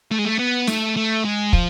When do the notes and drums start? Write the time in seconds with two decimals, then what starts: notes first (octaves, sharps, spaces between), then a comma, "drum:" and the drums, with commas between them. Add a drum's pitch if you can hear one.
0.11 A3
0.18 G#3
0.25 A3
0.39 B3
0.67 A3, drum: snare
0.97 A3
1.25 G#3
1.53 F3, drum: kick